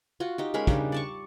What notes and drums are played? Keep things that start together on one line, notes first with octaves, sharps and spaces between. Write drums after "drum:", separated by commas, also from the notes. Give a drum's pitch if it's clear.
F4 F#4
D#4 G4
G#3 C#4 A#4 B5
C#3 G3 D4 D#4, drum: kick
D5 A5 C#6